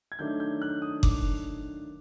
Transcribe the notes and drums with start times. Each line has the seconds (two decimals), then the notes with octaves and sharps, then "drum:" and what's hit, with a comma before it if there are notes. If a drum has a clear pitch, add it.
0.12 G#6
0.19 D#3 F#3 A3 D4 G6
0.40 G6
0.62 F#6
0.82 D#6
1.03 D6, drum: kick F#1